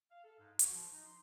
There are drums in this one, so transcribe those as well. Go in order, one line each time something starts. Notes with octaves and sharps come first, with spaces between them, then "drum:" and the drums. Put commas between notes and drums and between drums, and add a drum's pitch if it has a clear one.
F5
A4
G#2
F#4, drum: hi-hat
F3
D#4
C6